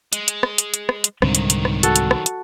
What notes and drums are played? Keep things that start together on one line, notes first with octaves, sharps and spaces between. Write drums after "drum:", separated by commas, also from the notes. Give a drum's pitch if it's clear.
G#3, drum: hi-hat
drum: hi-hat
drum: rim click
drum: hi-hat
drum: hi-hat
drum: rim click
drum: hi-hat
C2 G#2 D3 D#3 F#3 C4, drum: rim click
drum: hi-hat
drum: hi-hat
drum: rim click
F#4 A4, drum: hi-hat
drum: hi-hat
drum: rim click
drum: hi-hat